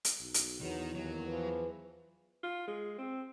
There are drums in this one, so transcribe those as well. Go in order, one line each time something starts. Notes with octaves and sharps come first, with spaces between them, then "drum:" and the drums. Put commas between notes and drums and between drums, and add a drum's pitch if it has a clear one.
drum: hi-hat
B1
drum: hi-hat
E2 D#3 F#3 B3
D#2 F#3
E3 F3 B4
F4
G#3
C4